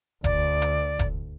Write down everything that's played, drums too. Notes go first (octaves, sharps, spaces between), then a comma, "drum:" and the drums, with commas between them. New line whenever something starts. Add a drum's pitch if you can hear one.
D2 D5, drum: kick E1, hi-hat
drum: hi-hat
drum: kick E1, hi-hat